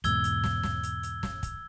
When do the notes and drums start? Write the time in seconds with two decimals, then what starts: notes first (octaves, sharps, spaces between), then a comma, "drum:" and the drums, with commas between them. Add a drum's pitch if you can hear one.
0.04 E2 G#2 B2 E6 G#6 G7, drum: hi-hat
0.24 drum: hi-hat
0.44 drum: snare
0.63 drum: snare
0.83 drum: hi-hat
1.03 drum: hi-hat
1.23 drum: snare
1.43 drum: kick, hi-hat